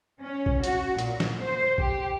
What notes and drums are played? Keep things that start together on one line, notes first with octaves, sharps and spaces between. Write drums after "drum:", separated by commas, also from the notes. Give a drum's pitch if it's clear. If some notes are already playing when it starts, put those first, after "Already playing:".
C#4
drum: kick A#1
F#4, drum: hi-hat
A#2, drum: hi-hat
drum: snare
C5
G4, drum: kick A#1